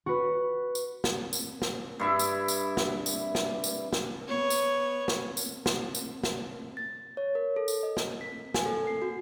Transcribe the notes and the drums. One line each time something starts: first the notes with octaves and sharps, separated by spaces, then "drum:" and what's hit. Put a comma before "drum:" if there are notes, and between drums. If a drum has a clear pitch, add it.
F#4 B4
drum: tambourine
drum: snare
drum: tambourine
drum: snare
G2 E4 E5
drum: tambourine
drum: tambourine
drum: snare
drum: tambourine
drum: snare
drum: tambourine
drum: snare
B3 C#5
drum: tambourine
drum: snare
drum: tambourine
drum: snare
drum: tambourine
drum: snare
A6
C#5
A#4
A4
drum: tambourine
D#5
drum: snare
B6
G#5, drum: snare
A4
C7
F#4